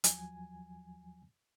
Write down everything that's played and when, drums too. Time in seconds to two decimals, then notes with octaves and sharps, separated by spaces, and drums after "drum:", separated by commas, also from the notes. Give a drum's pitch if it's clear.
0.04 D#2 F3 F#3 G#5, drum: hi-hat